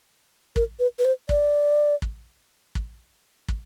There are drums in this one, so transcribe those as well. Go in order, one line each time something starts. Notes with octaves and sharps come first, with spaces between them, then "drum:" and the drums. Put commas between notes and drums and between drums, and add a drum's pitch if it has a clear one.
A#4, drum: kick
B4
B4
C5
D5, drum: kick
drum: kick
drum: kick
drum: kick